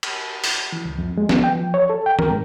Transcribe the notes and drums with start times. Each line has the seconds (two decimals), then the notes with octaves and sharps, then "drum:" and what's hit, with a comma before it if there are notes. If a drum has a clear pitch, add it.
0.03 drum: cymbal
0.44 drum: open hi-hat
0.72 E3
0.85 C#2
0.98 F2
1.18 G#3
1.29 B3, drum: snare
1.44 G5
1.55 F3
1.74 C#5
1.90 A4
2.06 G5
2.19 A#4, drum: tom E3
2.31 G#2